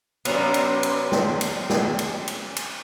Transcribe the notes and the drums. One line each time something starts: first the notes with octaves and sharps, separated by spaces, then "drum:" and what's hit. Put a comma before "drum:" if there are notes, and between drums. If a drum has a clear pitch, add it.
F#2 C3 B3 C#4 A#5, drum: cymbal
drum: cymbal
drum: cymbal
drum: snare
drum: cymbal
drum: snare
drum: cymbal
drum: cymbal
drum: cymbal